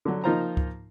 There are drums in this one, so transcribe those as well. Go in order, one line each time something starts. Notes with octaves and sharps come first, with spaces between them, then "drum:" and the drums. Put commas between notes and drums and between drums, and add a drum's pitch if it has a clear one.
D3 F#3
F3 A#3 D#4 F4 C5 A#5
drum: kick C#2